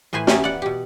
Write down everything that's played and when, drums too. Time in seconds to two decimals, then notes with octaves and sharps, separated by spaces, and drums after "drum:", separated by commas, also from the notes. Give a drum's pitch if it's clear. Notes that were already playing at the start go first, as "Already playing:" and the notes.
0.13 A2 E3 B4 C5 G#5
0.27 B3 C#4 E4 G4 A#4, drum: snare
0.44 D5 F#5
0.62 B2 G4